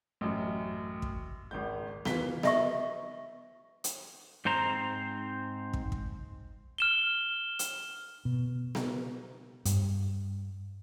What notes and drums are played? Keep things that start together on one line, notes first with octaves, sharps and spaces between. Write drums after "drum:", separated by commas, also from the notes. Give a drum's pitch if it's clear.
A1 F#2
drum: kick
G#1 C#2 G6
E3 F4 B6 G7, drum: snare B3
D#5 E5 C#6, drum: snare B3
drum: hi-hat
G#2 C4 C5 A#5
drum: kick
drum: kick
F6 E7 G7
drum: hi-hat
B2
drum: snare B3
G2, drum: hi-hat